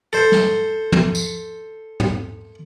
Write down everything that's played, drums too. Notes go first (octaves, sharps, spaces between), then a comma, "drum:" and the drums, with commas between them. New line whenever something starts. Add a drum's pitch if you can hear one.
A4 C5
drum: snare
drum: tom
drum: tambourine
drum: tom